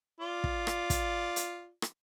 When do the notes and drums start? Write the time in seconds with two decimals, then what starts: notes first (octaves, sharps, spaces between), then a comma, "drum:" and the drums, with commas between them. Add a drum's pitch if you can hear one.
0.21 F4 D5
0.44 drum: kick
0.67 drum: rim click
0.90 drum: kick, hi-hat
1.36 drum: hi-hat
1.82 drum: rim click